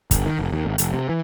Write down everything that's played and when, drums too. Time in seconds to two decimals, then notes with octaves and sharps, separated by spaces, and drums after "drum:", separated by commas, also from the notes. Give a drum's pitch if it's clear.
0.11 G1, drum: kick, hi-hat
0.26 D#3
0.39 F1
0.52 D#2
0.65 G#1
0.78 F1, drum: hi-hat
0.93 C3
1.09 E3